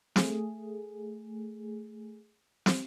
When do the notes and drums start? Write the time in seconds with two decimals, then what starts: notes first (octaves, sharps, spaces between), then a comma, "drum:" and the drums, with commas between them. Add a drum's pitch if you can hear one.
0.16 A3 G#4, drum: snare
2.66 drum: snare